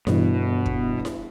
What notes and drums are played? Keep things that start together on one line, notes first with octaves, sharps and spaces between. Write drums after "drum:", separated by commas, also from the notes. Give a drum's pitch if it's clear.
G1 B2 E3, drum: snare E4
drum: kick
drum: snare E4